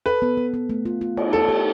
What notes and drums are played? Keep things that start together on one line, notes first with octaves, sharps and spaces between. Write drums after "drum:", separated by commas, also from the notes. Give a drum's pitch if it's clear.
A4 B4
B3
B3
B3
A3
F4
F4
F4, drum: cymbal
E4 A4
G4